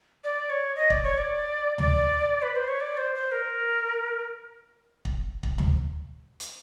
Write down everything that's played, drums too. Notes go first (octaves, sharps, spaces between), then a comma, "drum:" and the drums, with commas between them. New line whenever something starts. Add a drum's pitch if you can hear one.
D5
C#5
D#5
D5, drum: kick
C#5
D5
D5, drum: tom
B4
C5
C#5
D5
C5
C5
A#4
drum: kick
drum: kick
drum: tom
drum: hi-hat